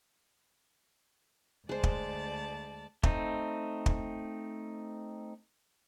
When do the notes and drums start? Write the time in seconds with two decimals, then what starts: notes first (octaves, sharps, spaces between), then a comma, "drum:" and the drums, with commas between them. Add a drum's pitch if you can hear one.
1.69 D2 G#3 C5 D5 A5
1.83 drum: kick
3.03 A3 C4 D#4, drum: kick
3.86 drum: kick